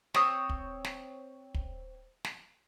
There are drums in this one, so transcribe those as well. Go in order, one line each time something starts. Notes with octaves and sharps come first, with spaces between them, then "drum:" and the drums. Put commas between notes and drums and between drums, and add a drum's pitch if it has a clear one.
C4 C#5 D#6, drum: snare
drum: kick
drum: snare
drum: kick
drum: snare